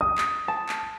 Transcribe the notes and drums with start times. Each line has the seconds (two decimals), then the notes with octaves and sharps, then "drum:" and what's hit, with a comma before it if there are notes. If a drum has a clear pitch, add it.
0.01 D#6
0.18 drum: clap
0.48 A5
0.69 drum: clap